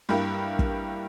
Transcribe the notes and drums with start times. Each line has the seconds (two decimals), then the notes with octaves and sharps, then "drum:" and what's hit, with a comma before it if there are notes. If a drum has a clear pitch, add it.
0.09 G2 G3 A#3 E4 G4
0.59 drum: kick